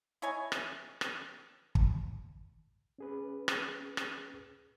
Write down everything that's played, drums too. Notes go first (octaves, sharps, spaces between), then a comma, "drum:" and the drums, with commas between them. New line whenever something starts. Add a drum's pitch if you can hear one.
E4 C#5 D#5 G#5
drum: rim click
drum: rim click
drum: kick
C#4 G#4 B4
drum: rim click
drum: rim click